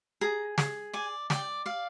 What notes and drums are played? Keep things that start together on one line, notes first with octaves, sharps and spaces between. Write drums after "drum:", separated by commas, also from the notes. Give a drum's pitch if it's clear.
G#4 A#5
G#4, drum: snare
D5 G#5
D5 G5, drum: snare
D5 F5